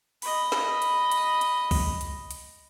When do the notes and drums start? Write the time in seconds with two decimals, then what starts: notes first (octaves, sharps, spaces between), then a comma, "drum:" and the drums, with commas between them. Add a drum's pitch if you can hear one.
0.22 D#5 B5, drum: open hi-hat
0.52 drum: snare
0.82 drum: hi-hat
1.11 drum: hi-hat
1.41 drum: hi-hat
1.71 drum: kick B1, open hi-hat
2.01 drum: hi-hat
2.31 drum: hi-hat